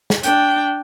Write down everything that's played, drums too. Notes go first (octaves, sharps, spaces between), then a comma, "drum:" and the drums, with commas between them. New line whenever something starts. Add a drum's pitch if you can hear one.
drum: snare
D4 G5, drum: hi-hat